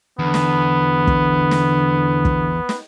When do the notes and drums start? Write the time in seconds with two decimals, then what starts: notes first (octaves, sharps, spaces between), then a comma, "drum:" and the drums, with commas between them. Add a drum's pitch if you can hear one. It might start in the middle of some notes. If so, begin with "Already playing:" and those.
0.19 E2 D3 B3
0.34 drum: snare
1.07 drum: kick
1.51 drum: snare
2.25 drum: kick
2.69 drum: snare